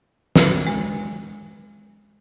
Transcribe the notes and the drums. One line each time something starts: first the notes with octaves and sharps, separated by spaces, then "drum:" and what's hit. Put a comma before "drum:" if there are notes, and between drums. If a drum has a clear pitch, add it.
drum: snare
G#3